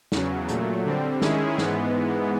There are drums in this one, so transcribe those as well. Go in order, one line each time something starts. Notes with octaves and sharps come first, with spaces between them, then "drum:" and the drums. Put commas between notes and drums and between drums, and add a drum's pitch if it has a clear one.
E2 C#3 F#3, drum: snare
A#2 F#3 A3, drum: hi-hat
D3 G3 C4
D#3 G#3 C#4 E4 G#4, drum: snare
G#2 E3 G#3 B3, drum: snare